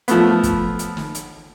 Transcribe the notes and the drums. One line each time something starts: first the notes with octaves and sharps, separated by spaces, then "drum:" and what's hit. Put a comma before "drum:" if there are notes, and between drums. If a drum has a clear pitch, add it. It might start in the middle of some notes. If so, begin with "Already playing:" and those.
F3 A3 B3, drum: hi-hat
drum: kick, hi-hat
drum: hi-hat
drum: snare
drum: hi-hat